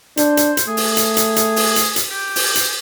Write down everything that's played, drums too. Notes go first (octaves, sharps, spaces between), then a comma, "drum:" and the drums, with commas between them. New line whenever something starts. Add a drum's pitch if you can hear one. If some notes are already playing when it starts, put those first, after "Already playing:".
D4 C5, drum: hi-hat
drum: hi-hat
drum: hi-hat
A3 G#4
drum: open hi-hat
drum: hi-hat
drum: hi-hat
drum: hi-hat
drum: open hi-hat
drum: hi-hat
drum: hi-hat
G4
drum: open hi-hat
drum: hi-hat